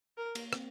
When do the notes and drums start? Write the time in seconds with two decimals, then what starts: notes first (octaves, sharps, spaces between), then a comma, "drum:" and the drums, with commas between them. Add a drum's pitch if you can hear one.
0.17 A#4
0.35 A#3, drum: cymbal
0.53 C4, drum: rim click